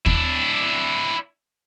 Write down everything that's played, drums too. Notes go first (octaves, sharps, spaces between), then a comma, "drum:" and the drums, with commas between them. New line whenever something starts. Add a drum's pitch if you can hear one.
D4 E4, drum: kick D#2